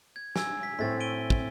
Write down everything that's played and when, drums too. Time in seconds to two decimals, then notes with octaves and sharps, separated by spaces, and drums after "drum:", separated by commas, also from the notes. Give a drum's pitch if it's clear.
0.16 G#6
0.36 G#5 E6 G#6, drum: snare
0.63 B6
0.79 A2 A3 C4 A6 B6
1.00 D7 D#7 G7
1.30 drum: kick